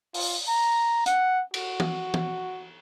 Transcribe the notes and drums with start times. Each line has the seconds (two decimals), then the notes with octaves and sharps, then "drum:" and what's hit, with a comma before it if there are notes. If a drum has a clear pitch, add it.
0.14 F4, drum: open hi-hat
0.48 A#5
1.06 F#5, drum: hi-hat
1.54 F#4, drum: cymbal
1.80 drum: tom
2.14 drum: tom